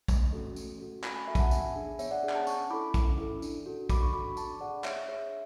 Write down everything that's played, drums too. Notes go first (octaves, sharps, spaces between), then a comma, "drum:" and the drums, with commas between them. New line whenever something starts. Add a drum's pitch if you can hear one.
A3, drum: kick A#1, tambourine
C#4 F#4 A4
A3, drum: tambourine
C#4 F#4 A4
A3 G#5 B5, drum: clap
G#5 B5
C#4 F#4 A4 E5 G#5
B5, drum: kick A#1, tambourine
F#5 A5
B3 E5 G#5, drum: tambourine
D4 G#4
B3 C#5 E5, drum: tambourine
D5 F#5
D4 G#4
G#5, drum: clap
F#5 A5
C#4 A5 C#6, drum: tambourine
E4 A4 B5 D6
C#4, drum: kick A#1, tambourine
E4 A4
D4, drum: tambourine
F#4 A4
D4 B5 D6, drum: kick A#1, tambourine
C#6
F#4 A4 B5 D6
D4 A5 C#6, drum: tambourine
G#4 D5 F#5
D4 C#5 E5, drum: clap
G#4 C#5 E5
E5